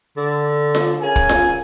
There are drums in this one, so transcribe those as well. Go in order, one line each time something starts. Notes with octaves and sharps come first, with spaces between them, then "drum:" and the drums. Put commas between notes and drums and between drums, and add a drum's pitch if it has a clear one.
D3
drum: snare F4
C#3 C#4 A#4 G#5
drum: kick
drum: snare F4